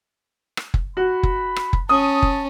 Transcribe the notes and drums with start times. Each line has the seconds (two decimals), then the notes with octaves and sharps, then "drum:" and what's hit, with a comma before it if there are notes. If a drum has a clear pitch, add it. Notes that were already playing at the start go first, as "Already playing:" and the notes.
0.57 drum: rim click
0.74 drum: kick
0.97 F#4 B5
1.23 drum: kick
1.56 drum: rim click
1.73 drum: kick
1.89 C#4 A5 D#6
2.23 drum: kick